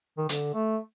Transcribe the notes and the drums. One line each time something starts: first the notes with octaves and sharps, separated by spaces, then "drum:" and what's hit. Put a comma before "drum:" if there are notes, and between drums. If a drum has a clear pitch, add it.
D#3
D3, drum: hi-hat
A3